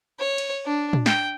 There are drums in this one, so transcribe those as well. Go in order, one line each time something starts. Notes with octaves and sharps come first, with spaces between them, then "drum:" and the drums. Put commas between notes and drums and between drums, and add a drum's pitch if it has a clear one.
C#5
drum: cymbal
D4
drum: tom
G5, drum: snare